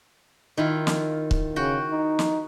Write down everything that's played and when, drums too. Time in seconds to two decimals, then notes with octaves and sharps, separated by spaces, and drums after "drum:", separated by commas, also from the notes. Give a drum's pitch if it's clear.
0.57 D#3 E4 F4
0.87 drum: snare
1.31 drum: kick C#1
1.56 C#3 F#4 G5
1.91 D#4
2.19 drum: snare